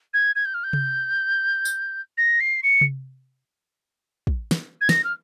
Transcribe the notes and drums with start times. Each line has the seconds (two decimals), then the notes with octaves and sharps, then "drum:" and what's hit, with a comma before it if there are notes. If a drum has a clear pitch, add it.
0.13 G#6
0.35 G#6
0.45 G6
0.54 F6
0.64 G6
0.73 drum: tom C3
1.65 drum: tambourine
2.17 A#6
2.40 C7
2.63 C#7
2.81 drum: tom C3
4.27 drum: kick
4.51 drum: snare
4.81 G#6
4.89 A#6, drum: snare
5.04 F6